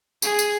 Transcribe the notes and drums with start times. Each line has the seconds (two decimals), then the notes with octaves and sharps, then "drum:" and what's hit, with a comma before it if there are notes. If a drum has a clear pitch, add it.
0.22 G#4, drum: tambourine
0.39 drum: tambourine